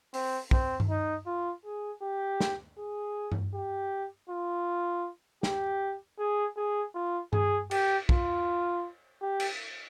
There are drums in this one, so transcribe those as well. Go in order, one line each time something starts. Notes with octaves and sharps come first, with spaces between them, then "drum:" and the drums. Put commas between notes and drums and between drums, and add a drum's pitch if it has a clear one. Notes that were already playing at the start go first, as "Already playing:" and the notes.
C4, drum: open hi-hat
C4, drum: kick
drum: tom G2
D#4
F4
G#4
G4
drum: snare
G#4
drum: tom G2
G4
F4
G4, drum: snare
G#4
G#4
F4
G#4, drum: tom G2
G4, drum: cymbal
F4, drum: kick
G4
drum: cymbal